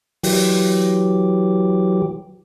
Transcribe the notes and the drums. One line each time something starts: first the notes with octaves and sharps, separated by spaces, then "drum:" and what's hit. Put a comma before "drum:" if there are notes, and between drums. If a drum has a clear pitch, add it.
E3 F#3 G4, drum: open hi-hat